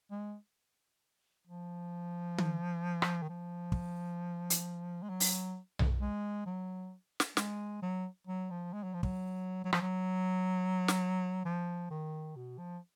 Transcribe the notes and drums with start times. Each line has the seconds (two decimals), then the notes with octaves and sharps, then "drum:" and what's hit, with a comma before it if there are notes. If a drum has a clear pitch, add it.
0.11 G#3
1.47 F3
2.38 drum: tom D#3
3.02 drum: rim click
3.22 D#3
3.29 F3
3.72 drum: kick
4.50 drum: hi-hat
5.02 G#3
5.10 F#3
5.20 drum: open hi-hat
5.79 drum: tom B1
6.00 G#3
6.46 F#3
7.20 drum: snare
7.37 G#3, drum: snare
7.82 F#3
8.27 F#3
8.50 F3
8.73 G#3
8.83 F#3
8.94 F3
9.03 F#3, drum: kick
9.64 F#3
9.73 F3, drum: rim click
9.81 F#3
10.88 drum: snare
11.45 F3
11.90 D#3
12.36 B2
12.58 F3